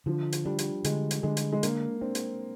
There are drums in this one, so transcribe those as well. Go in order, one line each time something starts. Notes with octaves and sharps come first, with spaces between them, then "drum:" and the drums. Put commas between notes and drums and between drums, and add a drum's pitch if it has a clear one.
D3 F3
drum: hi-hat
G3 D4
drum: hi-hat
D3 G#3, drum: hi-hat
drum: hi-hat
D3 G#3
drum: hi-hat
G#3
A#3 D4, drum: hi-hat
C4 D4
drum: hi-hat